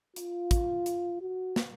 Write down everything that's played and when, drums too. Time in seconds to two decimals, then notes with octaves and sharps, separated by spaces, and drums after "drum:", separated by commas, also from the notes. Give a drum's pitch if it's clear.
0.16 F4, drum: hi-hat
0.51 drum: kick, hi-hat
0.86 drum: hi-hat
1.21 F#4
1.56 drum: snare